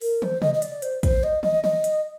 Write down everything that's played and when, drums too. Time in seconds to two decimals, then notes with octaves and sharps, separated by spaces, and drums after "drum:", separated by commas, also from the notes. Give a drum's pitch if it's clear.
0.01 A#4, drum: open hi-hat
0.22 C5, drum: tom
0.42 D#5, drum: tom
0.54 D#5
0.62 D5, drum: hi-hat
0.82 C5, drum: hi-hat
1.03 C5, drum: kick, hi-hat
1.23 D#5
1.43 D#5, drum: tom
1.64 D#5, drum: tom
1.84 drum: hi-hat